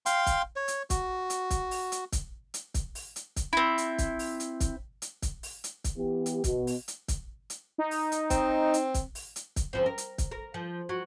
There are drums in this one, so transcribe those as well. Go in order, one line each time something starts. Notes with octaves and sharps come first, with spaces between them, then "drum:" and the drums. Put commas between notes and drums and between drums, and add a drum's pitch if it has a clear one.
F5 G5 C6, drum: hi-hat
drum: kick, hi-hat
C#5
drum: hi-hat
F#4, drum: kick, hi-hat
drum: hi-hat
drum: kick, hi-hat
drum: open hi-hat
drum: hi-hat
drum: kick, hi-hat
drum: hi-hat
drum: kick, hi-hat
drum: open hi-hat
drum: hi-hat
drum: kick, hi-hat
C4 E4
drum: hi-hat
drum: kick, hi-hat
drum: open hi-hat
drum: hi-hat
drum: kick, hi-hat
drum: hi-hat
drum: kick, hi-hat
drum: open hi-hat
drum: hi-hat
drum: kick, hi-hat
E3 B3 G4
drum: hi-hat
B2, drum: kick, hi-hat
drum: open hi-hat
drum: hi-hat
drum: kick, hi-hat
drum: hi-hat
D#4
drum: open hi-hat
drum: hi-hat
C4, drum: kick, hi-hat
drum: hi-hat
drum: kick, hi-hat
drum: open hi-hat
drum: hi-hat
drum: kick, hi-hat
C#3 F3 C4
A#4
drum: hi-hat
drum: kick, hi-hat
A#4
F3
F#3